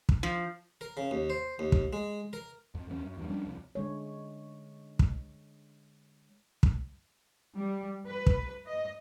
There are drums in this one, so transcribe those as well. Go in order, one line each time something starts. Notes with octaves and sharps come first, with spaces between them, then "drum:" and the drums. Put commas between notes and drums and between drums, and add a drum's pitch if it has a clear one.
drum: kick
F3
A#4
C#3
D#2
C5
D#2
drum: kick
G#3
A#4
F2
D1 E2 B3 C#4
F#2
E2 G2
F3 G3 C#4 D4
C2 F2
D3 G#3 C#5
drum: kick
drum: kick
G3
B4
drum: kick
D#5